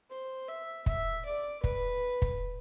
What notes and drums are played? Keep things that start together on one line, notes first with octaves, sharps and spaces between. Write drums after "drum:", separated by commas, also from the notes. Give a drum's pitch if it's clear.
C5
E5
E5, drum: kick
D5
B4, drum: kick
drum: kick